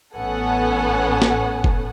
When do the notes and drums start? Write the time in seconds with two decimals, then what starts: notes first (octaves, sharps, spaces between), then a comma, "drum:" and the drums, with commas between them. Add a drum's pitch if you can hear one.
0.16 A1 B3 C#4 A4 F#5 G#5
1.22 drum: snare
1.64 drum: kick F1